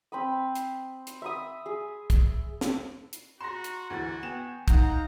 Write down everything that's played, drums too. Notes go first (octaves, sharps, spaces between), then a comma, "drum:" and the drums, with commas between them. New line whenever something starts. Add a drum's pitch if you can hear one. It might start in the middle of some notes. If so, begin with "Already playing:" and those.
C4 B5 D#6
drum: hi-hat
drum: hi-hat
E5 B5 D#6
G#4
drum: kick, hi-hat
drum: snare
drum: hi-hat
F#4 A#5 C6 A#6 E7
drum: hi-hat
D2 E3 F#4 A6
B3 G5 G#5 E7
D#4 F5 F#5 A#5 G6, drum: kick, hi-hat